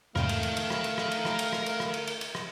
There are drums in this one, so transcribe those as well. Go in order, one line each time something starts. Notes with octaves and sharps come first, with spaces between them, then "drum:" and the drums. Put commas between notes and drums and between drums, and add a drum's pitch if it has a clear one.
E2 G#2 C3 A3 A#4 F5 G5, drum: rim click
drum: cymbal
drum: cymbal
drum: cymbal
drum: rim click
drum: cymbal
drum: rim click
drum: cymbal
drum: rim click
drum: cymbal
drum: rim click
drum: cymbal
drum: rim click
drum: cymbal
drum: cymbal
drum: cymbal
drum: rim click